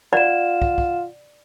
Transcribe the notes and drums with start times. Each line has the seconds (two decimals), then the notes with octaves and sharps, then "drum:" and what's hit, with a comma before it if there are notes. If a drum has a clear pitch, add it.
0.13 F4 D5 F#5 E7
0.62 drum: kick
0.78 drum: kick